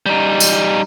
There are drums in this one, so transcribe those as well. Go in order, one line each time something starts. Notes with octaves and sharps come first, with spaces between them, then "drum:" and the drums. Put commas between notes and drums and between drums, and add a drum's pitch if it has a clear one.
G3 D#4
drum: tambourine